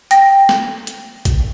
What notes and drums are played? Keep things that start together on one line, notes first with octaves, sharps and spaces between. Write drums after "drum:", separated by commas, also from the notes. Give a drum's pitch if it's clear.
G5 A#6, drum: hi-hat
drum: snare
drum: hi-hat
drum: kick, hi-hat